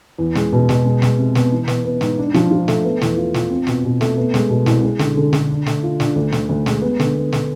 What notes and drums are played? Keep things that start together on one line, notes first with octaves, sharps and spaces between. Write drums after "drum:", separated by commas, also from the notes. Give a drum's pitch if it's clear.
E2
G#3, drum: snare
B2
B2, drum: snare
G#3
G#3, drum: snare
C3
B3, drum: snare
E3
B3, drum: snare
B3
G#2, drum: snare
D4
F3, drum: snare
F3
A3, drum: snare
B3
E2, drum: snare
F4
F4, drum: snare
C4
B2, drum: snare
B2
A3, drum: snare
B3
G#3, drum: snare
B2
C2, drum: snare
G#3
D3, drum: snare
D3
D3, drum: snare
D4
A3, drum: snare
F4
D4, drum: snare
D2
D2, drum: snare
D2
G#3, drum: snare
B3
D3, drum: snare
B3
D3, drum: snare